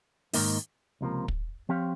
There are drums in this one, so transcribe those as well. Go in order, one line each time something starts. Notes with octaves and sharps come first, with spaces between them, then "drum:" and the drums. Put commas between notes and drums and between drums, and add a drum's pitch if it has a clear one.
G#2 D#3 A#3 D#4, drum: open hi-hat
C#2 C3 F3 A#3
drum: kick
F3 C4 G4 C#5 F5